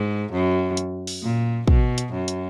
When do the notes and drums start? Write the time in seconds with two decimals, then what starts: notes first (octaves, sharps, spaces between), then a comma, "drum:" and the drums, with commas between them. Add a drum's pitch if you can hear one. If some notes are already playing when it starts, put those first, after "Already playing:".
Already playing: G#2
0.32 F#2
0.77 drum: hi-hat
1.07 drum: open hi-hat
1.22 A#2
1.68 B2, drum: kick
1.98 drum: hi-hat
2.13 F#2
2.28 drum: hi-hat